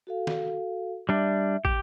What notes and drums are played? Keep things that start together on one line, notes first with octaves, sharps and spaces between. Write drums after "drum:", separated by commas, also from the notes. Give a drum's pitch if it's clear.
F#4 A4 F5
drum: snare
G3 D4 E5
G4, drum: kick